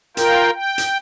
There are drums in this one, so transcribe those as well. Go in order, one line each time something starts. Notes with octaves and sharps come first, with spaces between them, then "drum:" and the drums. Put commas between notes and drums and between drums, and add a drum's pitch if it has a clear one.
F4 A#4 G5, drum: hi-hat
G5
drum: hi-hat